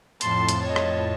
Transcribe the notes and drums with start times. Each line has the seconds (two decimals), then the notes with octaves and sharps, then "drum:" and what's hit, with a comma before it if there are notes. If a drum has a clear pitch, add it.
0.21 F2 A2 A5 C6, drum: hi-hat
0.49 drum: hi-hat
0.62 C#5 D#5
0.76 drum: rim click